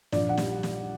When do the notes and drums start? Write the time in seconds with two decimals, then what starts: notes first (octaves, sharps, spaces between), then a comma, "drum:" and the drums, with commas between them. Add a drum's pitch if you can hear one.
0.12 A#1 D5, drum: snare
0.29 F#5
0.37 G3, drum: snare
0.63 drum: snare